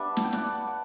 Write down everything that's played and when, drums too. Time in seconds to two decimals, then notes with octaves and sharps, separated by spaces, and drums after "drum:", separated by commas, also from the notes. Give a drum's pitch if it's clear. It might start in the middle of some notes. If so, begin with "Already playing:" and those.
Already playing: G3 B3 D4 E5
0.17 A5, drum: snare
0.24 G5
0.33 D5 F#5, drum: snare
0.67 F#5